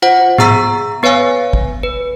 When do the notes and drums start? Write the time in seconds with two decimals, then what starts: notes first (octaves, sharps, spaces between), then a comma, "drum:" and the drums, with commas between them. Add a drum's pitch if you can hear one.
0.02 F4 C5 F#5
0.38 B3 G#4 A#5 E6 B6, drum: tom G#2
1.03 B3 B4 C#5 F5 G#5
1.53 drum: kick
1.83 B4